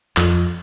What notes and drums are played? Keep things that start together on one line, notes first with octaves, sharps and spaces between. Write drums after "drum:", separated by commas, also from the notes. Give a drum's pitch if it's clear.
F2, drum: clap